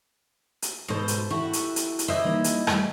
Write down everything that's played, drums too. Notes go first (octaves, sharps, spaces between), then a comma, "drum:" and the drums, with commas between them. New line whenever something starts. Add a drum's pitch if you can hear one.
drum: hi-hat
G#2 B2 A4 C5
drum: hi-hat
E4 F#4 G4 A4
drum: hi-hat
drum: hi-hat
drum: hi-hat
E4 C5 D5 D#5
G3 A#3 D#4
drum: hi-hat
G3 A3, drum: rim click